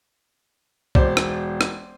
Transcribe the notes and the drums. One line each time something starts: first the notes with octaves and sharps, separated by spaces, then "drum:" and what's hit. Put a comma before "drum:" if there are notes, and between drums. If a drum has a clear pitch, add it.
E1 C5 D5, drum: kick B1
drum: rim click
drum: rim click